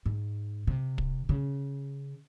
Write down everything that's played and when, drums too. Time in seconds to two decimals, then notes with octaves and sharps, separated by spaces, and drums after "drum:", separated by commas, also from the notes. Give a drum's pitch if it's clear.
0.06 G#2
0.67 C3
0.98 drum: kick
1.29 C#3